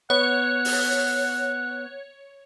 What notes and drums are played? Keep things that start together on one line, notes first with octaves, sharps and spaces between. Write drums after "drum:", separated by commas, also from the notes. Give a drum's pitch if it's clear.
B3 C#5 F#5
drum: open hi-hat